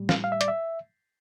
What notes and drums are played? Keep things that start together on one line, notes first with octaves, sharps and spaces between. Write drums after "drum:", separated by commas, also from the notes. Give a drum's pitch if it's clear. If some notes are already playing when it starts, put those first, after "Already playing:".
Already playing: A2 G3
F5, drum: snare
F5
E5
D5, drum: hi-hat
E5